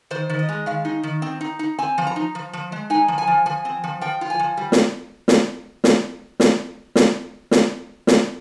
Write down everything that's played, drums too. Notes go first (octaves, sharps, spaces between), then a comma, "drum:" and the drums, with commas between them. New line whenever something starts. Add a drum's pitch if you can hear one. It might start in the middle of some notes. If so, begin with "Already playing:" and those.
D#3 C5
D#3
D#5
G#3
D#3 F5
D#4
D#3
C4
D#4
D#4
C4 G#5
F3
A#5
D#4
F3
F3
G#3
D#4 G#5
F3
G#5
F3
F3 G#5
C4
F3
F3 G5
F4
G#5
F3
G3
drum: snare
drum: snare
drum: snare
drum: snare
drum: snare
drum: snare
drum: snare